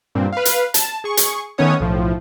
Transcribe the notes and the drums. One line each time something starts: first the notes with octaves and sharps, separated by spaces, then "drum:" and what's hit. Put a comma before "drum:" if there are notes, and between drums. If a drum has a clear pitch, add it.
G2 A#2 C4
B4 F5
drum: hi-hat
A5, drum: hi-hat
G#4 C#6
drum: hi-hat
D#3 A3 B3 C#4 C#5 D#6
B1 A2 F3